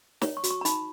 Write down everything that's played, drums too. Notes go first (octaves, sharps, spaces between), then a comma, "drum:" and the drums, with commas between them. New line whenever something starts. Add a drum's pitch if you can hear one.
C#5 A#5, drum: snare
C#6
F#4, drum: hi-hat
C#6
A#5
D#4 B5, drum: hi-hat